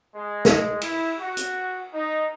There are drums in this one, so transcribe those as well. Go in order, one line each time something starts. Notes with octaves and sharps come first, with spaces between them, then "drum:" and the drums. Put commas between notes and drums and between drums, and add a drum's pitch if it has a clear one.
G#3
drum: snare
E4, drum: cymbal
F#4
drum: hi-hat
D#4